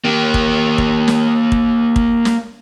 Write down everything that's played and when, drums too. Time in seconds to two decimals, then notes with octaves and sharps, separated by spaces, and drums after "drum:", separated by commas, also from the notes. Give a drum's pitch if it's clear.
0.05 A#3 G4
0.34 drum: kick
0.78 drum: kick
1.08 drum: snare
1.52 drum: kick
1.96 drum: kick
2.25 drum: snare